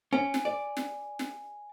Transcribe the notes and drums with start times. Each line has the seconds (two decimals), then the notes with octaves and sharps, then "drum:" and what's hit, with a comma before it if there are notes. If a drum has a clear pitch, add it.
0.13 C#4 G#5
0.34 drum: snare
0.45 D5
0.77 drum: snare
1.19 drum: snare